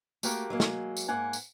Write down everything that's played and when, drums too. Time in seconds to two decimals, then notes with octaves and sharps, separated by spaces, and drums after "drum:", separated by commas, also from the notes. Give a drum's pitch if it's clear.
0.23 A3 A#3 F#4 G4 A#4, drum: tambourine
0.50 F#3 G#3 A#3
0.60 drum: snare
0.97 drum: tambourine
1.08 G#2 A#3 F#5 G#5
1.33 drum: tambourine